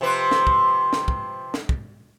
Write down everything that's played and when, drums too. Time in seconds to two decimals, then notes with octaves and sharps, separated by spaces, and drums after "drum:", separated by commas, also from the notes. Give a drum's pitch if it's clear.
0.01 C3 F3 B4
0.31 drum: snare
0.47 drum: kick
0.93 drum: snare
1.08 drum: kick
1.54 drum: snare
1.69 drum: kick